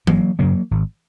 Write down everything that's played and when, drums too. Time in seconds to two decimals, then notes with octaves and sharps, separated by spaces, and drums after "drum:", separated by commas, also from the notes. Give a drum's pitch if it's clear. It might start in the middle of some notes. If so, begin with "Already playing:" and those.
0.07 G#1 F#3 A#3, drum: tom E3
0.39 F#2 C#3 F#3 A#3
0.71 G#1